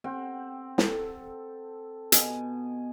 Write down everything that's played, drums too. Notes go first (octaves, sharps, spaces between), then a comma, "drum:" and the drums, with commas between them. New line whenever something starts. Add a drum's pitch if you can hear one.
C4 F#5 G5
A4, drum: snare
B2 G#5, drum: hi-hat